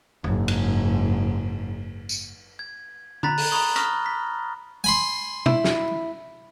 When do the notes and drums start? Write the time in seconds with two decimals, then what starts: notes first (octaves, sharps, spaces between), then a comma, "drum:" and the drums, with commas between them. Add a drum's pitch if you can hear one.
0.24 F#1 G#2, drum: tom E2
0.48 drum: cymbal
2.09 drum: tambourine
2.59 G#6
3.23 A#5 B5 F#6 A6 B6, drum: tom
3.37 drum: open hi-hat
3.51 A#5 B5 C#6 D#6 G7
3.76 B5 C#6 D#6 F6 A#6 B6, drum: hi-hat
4.06 B6
4.84 G#5 B5 C6
5.46 E4, drum: tom
5.64 drum: snare